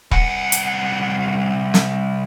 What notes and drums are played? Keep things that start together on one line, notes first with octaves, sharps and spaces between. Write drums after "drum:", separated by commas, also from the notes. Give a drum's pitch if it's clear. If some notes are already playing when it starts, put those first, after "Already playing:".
C2 F#5, drum: kick E1
drum: hi-hat
drum: snare